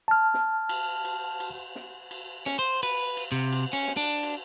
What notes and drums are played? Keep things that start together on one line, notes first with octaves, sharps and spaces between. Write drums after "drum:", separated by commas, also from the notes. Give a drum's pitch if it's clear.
A5 F6
drum: snare
drum: cymbal
drum: cymbal
drum: cymbal
drum: snare
drum: cymbal
C#4, drum: snare
C5
B4, drum: cymbal
drum: cymbal
C3
drum: cymbal
C#4
drum: snare
D4
drum: cymbal